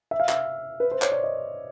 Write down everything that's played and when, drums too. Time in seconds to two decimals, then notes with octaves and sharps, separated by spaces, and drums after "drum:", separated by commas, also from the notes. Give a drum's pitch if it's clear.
0.11 E5
0.20 F5
0.29 E5, drum: clap
0.80 B4
0.92 C5
1.02 C#5, drum: clap
1.12 D5
1.23 D#5